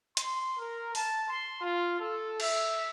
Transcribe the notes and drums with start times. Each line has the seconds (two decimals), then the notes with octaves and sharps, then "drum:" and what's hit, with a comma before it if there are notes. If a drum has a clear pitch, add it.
0.17 C6, drum: hi-hat
0.57 A#4
0.95 A5, drum: open hi-hat
1.29 C6
1.61 F4
1.99 A4
2.40 E5, drum: cymbal